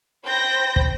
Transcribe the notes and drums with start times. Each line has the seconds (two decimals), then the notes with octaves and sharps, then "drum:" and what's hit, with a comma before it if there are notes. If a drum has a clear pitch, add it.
0.25 C5 G5 B5 G6 A#6
0.76 drum: kick